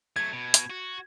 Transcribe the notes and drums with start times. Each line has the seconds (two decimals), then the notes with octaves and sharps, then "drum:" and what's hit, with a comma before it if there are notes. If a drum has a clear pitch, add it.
0.16 F#3 A3 G#6
0.33 B2
0.54 drum: hi-hat
0.70 F#4